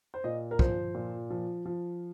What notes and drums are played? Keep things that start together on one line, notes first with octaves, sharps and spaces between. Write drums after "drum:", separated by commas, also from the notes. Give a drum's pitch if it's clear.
C5
A#2 D#5
A#4
F3 C5, drum: kick
A#2
F3
F3